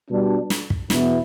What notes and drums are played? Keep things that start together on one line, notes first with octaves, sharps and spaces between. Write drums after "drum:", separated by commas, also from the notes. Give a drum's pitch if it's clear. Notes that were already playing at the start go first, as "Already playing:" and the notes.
B2 G3 D4
drum: snare
drum: kick
E2 B2 B3 E4, drum: snare